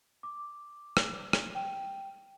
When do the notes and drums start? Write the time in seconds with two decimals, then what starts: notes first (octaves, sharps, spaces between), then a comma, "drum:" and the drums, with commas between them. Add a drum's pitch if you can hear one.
0.23 D6
0.97 drum: rim click
1.33 drum: rim click
1.55 G5